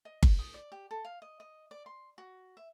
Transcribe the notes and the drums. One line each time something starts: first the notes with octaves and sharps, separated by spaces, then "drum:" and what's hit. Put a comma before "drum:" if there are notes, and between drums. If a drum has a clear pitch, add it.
D#5
drum: kick G1
D#6
D5
G4
A4
F5
D#5
D#5
D5
C6
F#4
E5